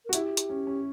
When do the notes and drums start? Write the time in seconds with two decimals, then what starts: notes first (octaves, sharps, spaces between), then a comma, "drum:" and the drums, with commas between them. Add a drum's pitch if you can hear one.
0.05 A#4
0.09 F#4
0.13 E4 G4, drum: hi-hat
0.37 drum: hi-hat
0.49 C#4
0.67 C#4